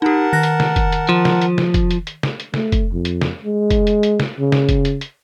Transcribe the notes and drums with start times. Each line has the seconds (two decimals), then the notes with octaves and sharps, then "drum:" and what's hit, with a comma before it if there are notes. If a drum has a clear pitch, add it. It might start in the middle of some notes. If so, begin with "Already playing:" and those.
0.02 D#4 G4 A#4 F#5 A5
0.33 D#3 F#6 A#6
0.43 drum: hi-hat
0.60 drum: snare
0.76 drum: kick, hi-hat
0.92 drum: hi-hat
1.09 F3
1.25 drum: snare
1.42 drum: hi-hat
1.58 drum: snare
1.74 drum: kick, hi-hat
1.91 drum: hi-hat
2.07 drum: hi-hat
2.23 drum: snare
2.40 drum: hi-hat
2.54 A3, drum: snare
2.72 drum: kick, hi-hat
2.92 F2
3.05 drum: hi-hat
3.21 drum: snare
3.45 G#3
3.70 drum: kick, hi-hat
3.87 drum: hi-hat
4.03 drum: hi-hat
4.20 drum: snare
4.40 C#3
4.52 drum: snare
4.69 drum: kick, hi-hat
4.85 drum: hi-hat
5.01 drum: hi-hat